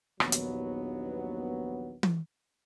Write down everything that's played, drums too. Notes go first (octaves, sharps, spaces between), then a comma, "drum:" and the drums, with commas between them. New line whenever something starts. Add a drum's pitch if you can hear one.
A#1 D#2 F#3 B3, drum: rim click
drum: hi-hat
drum: tom E3